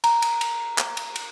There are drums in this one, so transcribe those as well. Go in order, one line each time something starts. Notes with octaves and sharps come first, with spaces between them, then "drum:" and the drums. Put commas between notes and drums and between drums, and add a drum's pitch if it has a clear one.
A#5, drum: cymbal
drum: cymbal
drum: cymbal
drum: clap
drum: cymbal
drum: cymbal